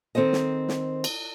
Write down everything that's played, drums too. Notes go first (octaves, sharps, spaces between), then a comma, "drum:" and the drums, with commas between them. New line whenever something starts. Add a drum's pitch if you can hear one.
D#3 C4 A4 C5 D#5
drum: snare
drum: snare
drum: cymbal